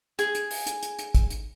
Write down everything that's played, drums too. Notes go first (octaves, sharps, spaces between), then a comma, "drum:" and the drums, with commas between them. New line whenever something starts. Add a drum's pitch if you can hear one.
G#4, drum: hi-hat
drum: hi-hat
drum: open hi-hat
drum: hi-hat
drum: hi-hat
drum: hi-hat
drum: kick, hi-hat
drum: hi-hat